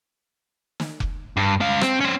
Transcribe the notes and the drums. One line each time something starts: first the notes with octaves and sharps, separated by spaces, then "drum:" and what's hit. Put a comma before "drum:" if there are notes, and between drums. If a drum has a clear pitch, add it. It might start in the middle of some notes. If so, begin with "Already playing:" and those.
drum: snare
drum: kick F1
G2
G#3 F5
C4, drum: rim click
C#4 C5